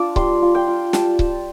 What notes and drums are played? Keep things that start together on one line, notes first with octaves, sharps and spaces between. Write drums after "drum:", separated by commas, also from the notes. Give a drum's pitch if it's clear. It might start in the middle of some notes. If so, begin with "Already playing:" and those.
Already playing: D4 F4 A5 D6
G3 C6, drum: kick C#1
F4
G5
F4
G3 A5, drum: snare
drum: kick C#1